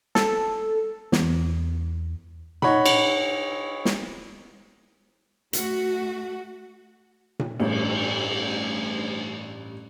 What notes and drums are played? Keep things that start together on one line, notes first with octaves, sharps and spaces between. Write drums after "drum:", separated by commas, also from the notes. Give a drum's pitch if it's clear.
A4, drum: snare
E2, drum: snare
D#4 C#5 F#5 B5, drum: tom A#2
drum: cymbal
drum: snare
A3 F#4, drum: hi-hat
drum: tom A#2
A1 G2, drum: cymbal